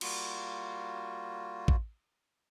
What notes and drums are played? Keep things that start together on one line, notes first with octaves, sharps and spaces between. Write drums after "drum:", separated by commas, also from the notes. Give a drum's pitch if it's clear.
G3 A#3 F4 F#4, drum: cymbal
drum: kick A1